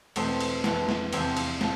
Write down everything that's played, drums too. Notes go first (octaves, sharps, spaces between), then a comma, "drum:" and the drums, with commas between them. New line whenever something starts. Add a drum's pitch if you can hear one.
E2 B2 A3 C4, drum: cymbal
drum: cymbal
F2 E3, drum: snare
drum: snare
E2 C3 F3 C4 E4, drum: cymbal
drum: cymbal
F3, drum: snare